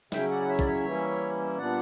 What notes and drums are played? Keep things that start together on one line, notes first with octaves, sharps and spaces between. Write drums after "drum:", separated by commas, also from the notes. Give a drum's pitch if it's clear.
C#3 F#3 C#4 E4 E5 G5, drum: snare
D5 F#5
F#5
C#5 E5
D5, drum: kick
C#5 E5
E3 G3 A#3 C#4 E4
A#2 G3 B3 D4 D5 F#5